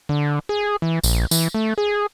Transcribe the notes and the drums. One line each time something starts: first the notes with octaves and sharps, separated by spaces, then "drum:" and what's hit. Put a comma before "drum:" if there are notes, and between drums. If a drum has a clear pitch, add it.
D3
G#4
E3
A#1, drum: tambourine
E3, drum: tambourine
A3
G#4